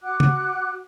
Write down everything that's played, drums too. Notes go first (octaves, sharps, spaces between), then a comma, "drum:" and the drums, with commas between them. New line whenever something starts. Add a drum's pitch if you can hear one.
F#4 F#5 D6 F#6
drum: tom C#3